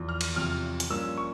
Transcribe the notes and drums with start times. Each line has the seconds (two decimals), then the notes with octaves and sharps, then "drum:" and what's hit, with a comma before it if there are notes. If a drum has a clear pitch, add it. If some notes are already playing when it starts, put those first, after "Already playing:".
Already playing: E2 F3
0.09 F6
0.21 drum: cymbal
0.36 E2 C3 F3 F6
0.80 drum: hi-hat
0.90 G2 F3 A#3 C#4 E6
1.18 C#6